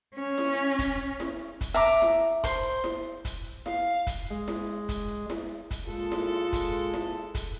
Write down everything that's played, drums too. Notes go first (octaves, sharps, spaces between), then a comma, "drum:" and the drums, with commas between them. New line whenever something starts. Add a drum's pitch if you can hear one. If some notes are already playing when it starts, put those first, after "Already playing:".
C#4
drum: snare E4
drum: kick, hi-hat
drum: snare E4
drum: kick, hi-hat
E5 A#5 D6
drum: snare E4
C5 C6, drum: kick, hi-hat
drum: snare E4
drum: kick, hi-hat
F5, drum: snare E4
drum: kick, hi-hat
G#3
drum: snare E4
drum: kick, hi-hat
drum: snare E4
drum: kick, hi-hat
A#2 G#3 F4 A4
drum: snare E4
drum: kick, hi-hat
drum: snare E4
drum: kick, hi-hat